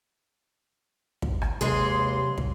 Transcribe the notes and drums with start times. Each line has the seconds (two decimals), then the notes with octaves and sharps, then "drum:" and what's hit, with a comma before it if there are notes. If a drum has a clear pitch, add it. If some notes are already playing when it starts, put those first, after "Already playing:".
1.22 drum: kick
1.42 drum: rim click
1.61 D#2 C3 E3 F#3 G#3 G#4 C6
2.38 drum: kick